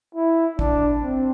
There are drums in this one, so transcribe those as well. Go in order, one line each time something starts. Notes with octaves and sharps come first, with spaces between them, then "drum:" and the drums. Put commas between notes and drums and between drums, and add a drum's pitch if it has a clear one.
E4
D4, drum: kick
C4